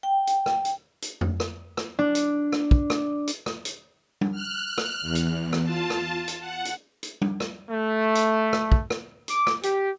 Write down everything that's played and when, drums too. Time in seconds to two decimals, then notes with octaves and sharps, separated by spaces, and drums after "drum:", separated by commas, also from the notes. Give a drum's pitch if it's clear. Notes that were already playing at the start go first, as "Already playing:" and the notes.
0.03 G5
0.27 drum: hi-hat
0.46 drum: rim click
0.65 drum: hi-hat
1.02 drum: hi-hat
1.21 drum: tom F2
1.40 drum: rim click
1.77 drum: rim click
1.99 D4
2.15 drum: hi-hat
2.52 drum: rim click
2.71 drum: kick
2.90 drum: rim click
3.27 drum: hi-hat
3.46 drum: rim click
3.65 drum: hi-hat
4.21 drum: tom G3
4.31 F6 F#6
4.78 drum: rim click
5.02 E2
5.15 drum: hi-hat
5.53 drum: rim click
5.64 F4 A5
5.90 drum: rim click
6.28 drum: hi-hat
6.41 F#5
6.65 drum: hi-hat
7.03 drum: hi-hat
7.22 drum: tom G3
7.40 drum: rim click
7.70 A3
8.15 drum: hi-hat
8.53 drum: rim click
8.72 drum: kick
8.90 drum: rim click
9.28 D6, drum: hi-hat
9.47 drum: rim click
9.63 G4, drum: hi-hat